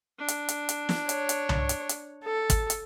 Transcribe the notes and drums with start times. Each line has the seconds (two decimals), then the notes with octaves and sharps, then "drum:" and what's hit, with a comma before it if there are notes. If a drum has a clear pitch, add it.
0.19 D4
0.28 drum: hi-hat
0.49 drum: hi-hat
0.69 drum: hi-hat
0.89 drum: snare
1.09 C#5, drum: hi-hat
1.29 drum: hi-hat
1.49 drum: tom C2
1.69 drum: hi-hat
1.89 drum: hi-hat
2.24 A4
2.50 drum: kick, hi-hat
2.70 drum: hi-hat